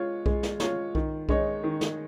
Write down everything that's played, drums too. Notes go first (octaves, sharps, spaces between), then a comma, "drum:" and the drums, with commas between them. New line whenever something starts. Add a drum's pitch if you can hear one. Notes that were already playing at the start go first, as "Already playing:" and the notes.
Already playing: G#3 F4 C#5
G#3, drum: kick B1
drum: snare
F4 C#5, drum: snare
D#3, drum: kick B1
G#3 D#4 C#5, drum: kick B1
D#3
drum: snare